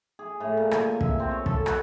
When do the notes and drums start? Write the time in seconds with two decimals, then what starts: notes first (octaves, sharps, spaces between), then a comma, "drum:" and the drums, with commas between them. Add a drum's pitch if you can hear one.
0.19 G#4
0.40 A2
0.57 A#2
0.71 G#5, drum: rim click
0.85 G#5
1.01 E5, drum: kick
1.20 C4
1.31 C#5
1.46 A4, drum: kick
1.66 F#4, drum: rim click